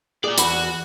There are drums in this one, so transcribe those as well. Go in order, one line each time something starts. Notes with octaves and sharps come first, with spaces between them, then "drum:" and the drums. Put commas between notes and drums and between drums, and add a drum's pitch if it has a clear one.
A#3 G#4 D5
E2 F#4 B5, drum: hi-hat